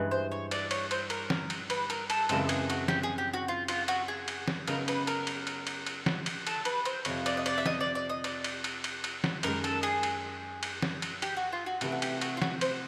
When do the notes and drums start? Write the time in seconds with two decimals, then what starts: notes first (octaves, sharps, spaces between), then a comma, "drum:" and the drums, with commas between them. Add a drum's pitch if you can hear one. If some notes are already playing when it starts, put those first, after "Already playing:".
Already playing: G2 E3 G#3
0.11 C5
0.31 C#5
0.51 D5, drum: cymbal
0.71 C#5, drum: cymbal
0.91 C5, drum: cymbal
1.10 A#4, drum: cymbal
1.30 drum: snare
1.50 drum: cymbal
1.70 B4, drum: cymbal
1.90 A#4, drum: cymbal
2.10 A4, drum: cymbal
2.29 F#2 C#3 E3 G#3 C4 A4, drum: cymbal
2.49 G#4, drum: cymbal
2.70 F#4, drum: cymbal
2.88 G4, drum: snare
3.03 G#4
3.18 G4
3.34 F#4
3.48 F4
3.68 F4, drum: cymbal
3.88 F#4, drum: cymbal
4.08 G#4
4.28 drum: cymbal
4.48 drum: snare
4.67 C#3 F#3 B3 D#4 A#4, drum: cymbal
4.88 B4, drum: cymbal
5.07 A#4, drum: cymbal
5.27 drum: cymbal
5.47 drum: cymbal
5.67 drum: cymbal
5.86 drum: cymbal
6.06 drum: snare
6.26 drum: cymbal
6.47 A4, drum: cymbal
6.65 B4, drum: cymbal
6.85 C5, drum: cymbal
7.05 F2 C3 F3 C#5, drum: cymbal
7.26 D5, drum: cymbal
7.37 D#5
7.46 D5, drum: cymbal
7.58 E5
7.66 D#5, drum: snare
7.81 D5
7.95 D5
8.09 D#5
8.24 D5, drum: cymbal
8.44 drum: cymbal
8.64 drum: cymbal
8.84 drum: cymbal
9.04 drum: cymbal
9.24 drum: snare
9.43 F#2 D#3 G#3 A#4, drum: cymbal
9.64 A4, drum: cymbal
9.83 G#4, drum: cymbal
10.03 drum: cymbal
10.63 drum: cymbal
10.82 drum: snare
11.02 drum: cymbal
11.22 G4, drum: cymbal
11.37 F#4
11.53 F4
11.66 F#4
11.81 C3 E3 A3 F#4, drum: cymbal
11.92 F#4
12.02 G4, drum: cymbal
12.21 F#4, drum: cymbal
12.37 F4
12.42 F#4, drum: snare
12.61 C5, drum: cymbal